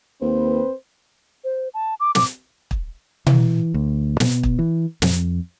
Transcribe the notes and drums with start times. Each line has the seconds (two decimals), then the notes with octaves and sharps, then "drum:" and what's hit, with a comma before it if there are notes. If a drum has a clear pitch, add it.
0.22 D#2 C4 B4 C5
1.44 C5
1.74 A5
2.00 D6
2.15 D6, drum: snare
2.71 drum: kick
3.27 E3, drum: tom B2
3.74 D2
4.20 B2, drum: snare
4.43 drum: kick
4.59 E3
5.02 F2, drum: snare